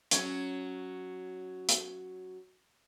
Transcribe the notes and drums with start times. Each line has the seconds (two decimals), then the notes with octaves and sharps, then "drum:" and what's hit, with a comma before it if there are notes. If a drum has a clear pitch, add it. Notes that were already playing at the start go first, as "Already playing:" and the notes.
0.11 F#3 C#4, drum: hi-hat
1.69 drum: hi-hat